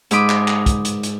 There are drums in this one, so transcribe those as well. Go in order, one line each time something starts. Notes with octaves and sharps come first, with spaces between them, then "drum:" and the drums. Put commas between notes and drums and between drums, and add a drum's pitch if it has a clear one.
G#2 D#4 B5 D6 D#6, drum: hi-hat
drum: clap
drum: clap
drum: kick, hi-hat
drum: hi-hat
drum: hi-hat